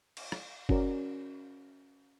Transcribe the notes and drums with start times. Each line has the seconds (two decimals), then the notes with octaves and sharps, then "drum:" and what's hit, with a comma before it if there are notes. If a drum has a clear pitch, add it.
0.17 drum: cymbal
0.32 drum: rim click
0.69 C#4 F#4 A#4 D5, drum: kick